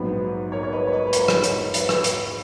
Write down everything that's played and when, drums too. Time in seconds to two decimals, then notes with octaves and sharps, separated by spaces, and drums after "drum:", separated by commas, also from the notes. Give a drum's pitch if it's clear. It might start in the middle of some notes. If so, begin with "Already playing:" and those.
Already playing: A#1 G#2 F#3 B3 B4
0.52 A#4 C#5
0.63 C#5
0.73 B4 D#5
0.87 C#5
0.93 B4 D#5
1.07 B4
1.13 A#4 C#5, drum: hi-hat
1.28 drum: rim click
1.44 drum: hi-hat
1.74 B4, drum: hi-hat
1.89 drum: rim click
2.04 drum: hi-hat